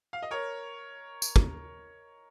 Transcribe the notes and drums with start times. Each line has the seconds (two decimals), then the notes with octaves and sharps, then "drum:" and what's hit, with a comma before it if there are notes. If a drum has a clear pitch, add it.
0.13 F5
0.22 D#5
0.31 A#4 C#5
1.22 drum: tambourine
1.36 drum: kick